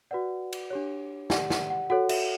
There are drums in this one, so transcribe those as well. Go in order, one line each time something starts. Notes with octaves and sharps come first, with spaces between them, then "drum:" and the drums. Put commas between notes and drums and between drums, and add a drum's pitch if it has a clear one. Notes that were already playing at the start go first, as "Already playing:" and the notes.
F#4 B4 D5 F#5
drum: cymbal
D4 G4 C#5
G4 D5 F#5, drum: snare
F#5, drum: snare
F#5
F#4 A4 C#5 F#5
E5, drum: cymbal